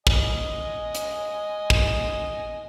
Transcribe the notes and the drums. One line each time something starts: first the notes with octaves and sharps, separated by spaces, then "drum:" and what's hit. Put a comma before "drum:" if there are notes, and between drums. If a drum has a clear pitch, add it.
D#5 G#5, drum: kick
drum: hi-hat
drum: kick